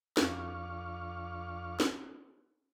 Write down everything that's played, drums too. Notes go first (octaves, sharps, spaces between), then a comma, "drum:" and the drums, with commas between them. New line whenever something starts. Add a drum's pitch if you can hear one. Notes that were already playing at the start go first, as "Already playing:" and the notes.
F2 D4 F5 C#6, drum: snare
drum: snare